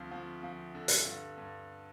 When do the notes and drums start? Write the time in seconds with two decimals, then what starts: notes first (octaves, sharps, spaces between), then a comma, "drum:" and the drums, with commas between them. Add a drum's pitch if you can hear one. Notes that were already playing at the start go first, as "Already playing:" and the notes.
Already playing: D2 F3 C4
0.11 F3
0.43 F3
0.75 D3
0.88 drum: hi-hat
1.06 G2
1.38 G2